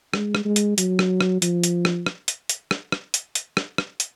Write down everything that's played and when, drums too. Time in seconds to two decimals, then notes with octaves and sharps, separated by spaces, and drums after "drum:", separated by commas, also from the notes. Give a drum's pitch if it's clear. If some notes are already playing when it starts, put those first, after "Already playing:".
0.14 G#3, drum: rim click
0.35 drum: rim click
0.45 G#3
0.56 drum: hi-hat
0.78 F#3, drum: hi-hat
0.99 drum: rim click
1.21 drum: rim click
1.42 F3, drum: hi-hat
1.64 drum: hi-hat
1.85 drum: rim click
2.06 drum: rim click
2.28 drum: hi-hat
2.49 drum: hi-hat
2.71 drum: rim click
2.92 drum: rim click
3.14 drum: hi-hat
3.35 drum: hi-hat
3.57 drum: rim click
3.78 drum: rim click
4.00 drum: hi-hat